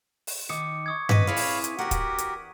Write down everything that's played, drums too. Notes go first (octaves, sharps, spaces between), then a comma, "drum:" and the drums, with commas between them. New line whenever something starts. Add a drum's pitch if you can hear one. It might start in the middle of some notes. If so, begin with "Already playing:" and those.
drum: open hi-hat
D#3 D6 D#6 C#7
C#6 D#6 G#6
B4 D#5 B6 D#7, drum: tom G2
C4 E4 G#4 C#5 F5 B5
drum: open hi-hat
drum: hi-hat
E2 F#4 G4 A#4 F#5
drum: kick, hi-hat
drum: hi-hat